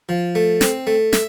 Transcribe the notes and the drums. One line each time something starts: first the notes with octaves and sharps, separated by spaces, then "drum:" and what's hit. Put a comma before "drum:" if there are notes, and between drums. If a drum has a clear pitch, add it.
F3
A3
C4, drum: snare
A3
E5, drum: snare